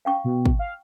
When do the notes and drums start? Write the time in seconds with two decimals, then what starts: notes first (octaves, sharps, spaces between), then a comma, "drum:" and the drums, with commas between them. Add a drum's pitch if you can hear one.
0.05 F5 G5 C#6
0.24 B2
0.46 drum: kick
0.59 F5